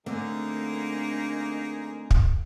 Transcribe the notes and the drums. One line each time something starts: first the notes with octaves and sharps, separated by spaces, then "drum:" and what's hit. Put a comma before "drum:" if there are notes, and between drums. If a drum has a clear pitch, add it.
D3 A3 A#3 C4 D#4 G#4
drum: kick